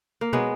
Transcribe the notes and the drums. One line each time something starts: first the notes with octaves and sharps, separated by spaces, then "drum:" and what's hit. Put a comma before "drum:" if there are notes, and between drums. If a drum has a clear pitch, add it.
A#3
F#3 G#3 B3, drum: tom B2